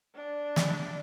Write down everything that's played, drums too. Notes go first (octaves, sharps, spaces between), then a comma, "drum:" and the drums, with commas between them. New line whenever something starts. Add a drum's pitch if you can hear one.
D4
drum: snare